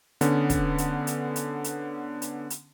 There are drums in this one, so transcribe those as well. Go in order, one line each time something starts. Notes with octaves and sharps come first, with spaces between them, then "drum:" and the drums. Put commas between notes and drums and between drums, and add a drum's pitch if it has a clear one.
D3 B3 C#4, drum: hi-hat
drum: kick, hi-hat
drum: hi-hat
drum: hi-hat
drum: hi-hat
drum: hi-hat
drum: hi-hat
drum: hi-hat